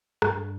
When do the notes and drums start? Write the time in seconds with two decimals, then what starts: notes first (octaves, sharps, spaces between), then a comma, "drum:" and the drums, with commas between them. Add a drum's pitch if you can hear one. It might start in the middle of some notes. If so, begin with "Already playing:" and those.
0.22 G2, drum: rim click